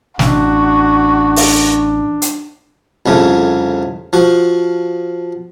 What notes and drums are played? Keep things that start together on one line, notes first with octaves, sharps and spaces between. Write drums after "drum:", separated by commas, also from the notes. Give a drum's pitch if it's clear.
A1 D4 F#4, drum: snare
drum: open hi-hat
drum: hi-hat
C2 F2 C#3 A3
F3 F#4